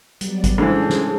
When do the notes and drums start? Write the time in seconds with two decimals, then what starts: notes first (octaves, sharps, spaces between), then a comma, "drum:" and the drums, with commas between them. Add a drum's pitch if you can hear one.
0.21 F#3 G3 B3 D5, drum: hi-hat
0.44 drum: kick G#1, hi-hat
0.58 G#2 E3 C#4 D4 G#4 A4 C5
0.89 drum: snare